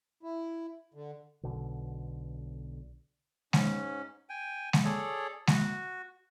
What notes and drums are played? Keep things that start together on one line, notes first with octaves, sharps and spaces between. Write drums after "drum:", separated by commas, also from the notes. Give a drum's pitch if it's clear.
E4
D3
B1 B2 D3
G#2 C#4, drum: snare G#3
G5 G#5
drum: snare G#3
G#4 A4 C#5 D5
F#4, drum: snare G#3